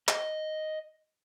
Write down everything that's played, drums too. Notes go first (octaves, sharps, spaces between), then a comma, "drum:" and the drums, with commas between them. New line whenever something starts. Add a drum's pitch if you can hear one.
D#5, drum: clap